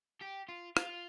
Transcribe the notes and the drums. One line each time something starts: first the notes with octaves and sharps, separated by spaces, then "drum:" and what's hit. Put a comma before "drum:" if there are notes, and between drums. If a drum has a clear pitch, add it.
G4
F4
F4, drum: rim click